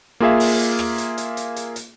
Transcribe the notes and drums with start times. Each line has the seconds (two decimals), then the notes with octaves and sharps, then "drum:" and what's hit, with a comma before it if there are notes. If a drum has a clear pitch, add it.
0.20 A#3 F4 G#4 E5 F5
0.40 drum: open hi-hat
0.59 drum: hi-hat
0.79 drum: rim click
0.98 drum: hi-hat
1.18 drum: hi-hat
1.37 drum: hi-hat
1.56 drum: hi-hat
1.76 drum: hi-hat